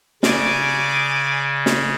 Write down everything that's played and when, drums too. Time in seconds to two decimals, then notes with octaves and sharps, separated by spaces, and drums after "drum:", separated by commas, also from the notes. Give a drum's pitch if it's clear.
0.23 C#3 D5 G#5, drum: snare
1.66 drum: snare